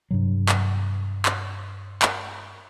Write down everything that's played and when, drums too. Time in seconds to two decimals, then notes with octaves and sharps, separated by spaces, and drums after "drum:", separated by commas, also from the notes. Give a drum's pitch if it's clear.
0.11 G2 C3 F#3
0.49 drum: clap
1.26 drum: clap
2.02 drum: clap